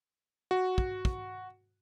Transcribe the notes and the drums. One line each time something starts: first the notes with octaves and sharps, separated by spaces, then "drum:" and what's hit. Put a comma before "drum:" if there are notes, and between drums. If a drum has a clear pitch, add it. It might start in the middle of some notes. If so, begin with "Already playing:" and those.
F#4
drum: kick
drum: kick